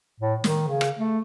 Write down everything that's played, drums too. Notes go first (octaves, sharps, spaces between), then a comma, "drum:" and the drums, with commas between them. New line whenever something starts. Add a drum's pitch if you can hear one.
A2
D#3, drum: snare
C#3
drum: rim click
A3